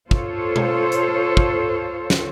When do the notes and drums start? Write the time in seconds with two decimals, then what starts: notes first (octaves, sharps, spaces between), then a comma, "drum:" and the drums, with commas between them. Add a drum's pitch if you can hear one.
0.11 F4 A4 C5 C#5, drum: kick
0.56 drum: tom B2
0.92 drum: hi-hat
1.37 drum: kick
2.10 drum: snare